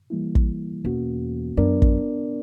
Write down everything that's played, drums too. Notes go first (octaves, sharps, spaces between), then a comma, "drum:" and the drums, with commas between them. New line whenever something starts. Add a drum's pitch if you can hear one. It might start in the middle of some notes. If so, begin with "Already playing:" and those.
E3 G3 A#3 E4
drum: kick
E2 B2 A#3 C#4 F#4
F#2 B3 D4 A#4 D5
drum: kick